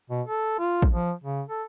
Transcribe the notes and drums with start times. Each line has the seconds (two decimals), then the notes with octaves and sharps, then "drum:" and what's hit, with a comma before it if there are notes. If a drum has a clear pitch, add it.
0.10 B2
0.27 A4
0.59 F4
0.82 drum: kick A1
0.92 F3
1.24 C#3
1.48 A4